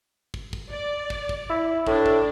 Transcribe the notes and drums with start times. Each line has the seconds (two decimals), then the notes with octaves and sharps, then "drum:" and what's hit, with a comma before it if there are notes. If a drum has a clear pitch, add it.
0.34 drum: kick
0.53 drum: kick
0.70 D5
1.10 drum: kick
1.29 drum: kick
1.50 E4
1.87 A2 D4, drum: kick
2.06 drum: kick